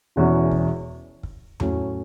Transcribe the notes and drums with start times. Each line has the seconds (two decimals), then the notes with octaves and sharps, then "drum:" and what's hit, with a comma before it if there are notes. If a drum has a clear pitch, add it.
0.16 E1 E2 E3 C#4 F#4
0.51 drum: kick
1.23 drum: kick
1.60 A2 F#3 A3 C#4, drum: tom E2